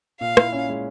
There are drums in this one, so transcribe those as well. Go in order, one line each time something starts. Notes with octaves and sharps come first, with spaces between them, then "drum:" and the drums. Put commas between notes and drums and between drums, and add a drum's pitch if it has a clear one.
A#2 F5
E4, drum: rim click
C#4
G#3